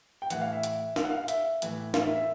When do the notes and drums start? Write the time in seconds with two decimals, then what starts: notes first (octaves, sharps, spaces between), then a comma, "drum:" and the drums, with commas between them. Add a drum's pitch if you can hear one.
0.22 G5
0.30 A2 E3 F#5, drum: hi-hat
0.42 F5
0.53 E5
0.63 drum: hi-hat
0.96 F5, drum: snare
1.04 F#5
1.11 F5
1.24 F5
1.28 E5, drum: hi-hat
1.62 A2 E3, drum: hi-hat
1.94 F5, drum: snare
2.05 E5
2.16 E5